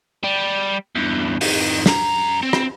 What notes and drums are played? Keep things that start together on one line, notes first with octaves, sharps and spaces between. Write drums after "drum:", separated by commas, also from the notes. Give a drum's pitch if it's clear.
G3
E2 G2
F2 D#3, drum: open hi-hat
F#2 A#5, drum: snare
C4
drum: rim click